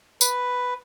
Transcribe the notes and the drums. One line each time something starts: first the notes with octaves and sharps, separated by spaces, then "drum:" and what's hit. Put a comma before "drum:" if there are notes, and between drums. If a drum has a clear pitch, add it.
B4, drum: tambourine